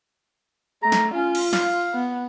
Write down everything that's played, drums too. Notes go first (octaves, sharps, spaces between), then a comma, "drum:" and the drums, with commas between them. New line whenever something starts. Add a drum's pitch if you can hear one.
A3 A#5
drum: snare
C#4 F4
drum: cymbal
F5, drum: snare
B3